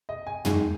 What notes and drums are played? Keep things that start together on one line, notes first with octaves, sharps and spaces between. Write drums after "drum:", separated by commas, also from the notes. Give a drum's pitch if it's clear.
D#5
G#5
D#3 G#3 D#4, drum: tom